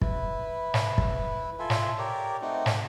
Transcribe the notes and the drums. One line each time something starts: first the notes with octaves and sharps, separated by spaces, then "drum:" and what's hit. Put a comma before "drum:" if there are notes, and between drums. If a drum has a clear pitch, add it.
E4 B4, drum: kick
drum: snare
drum: kick
F4 A4 E5 G#5
drum: snare
G4 A#4 C#5 D5
A3 C4 D#4 F#4
drum: snare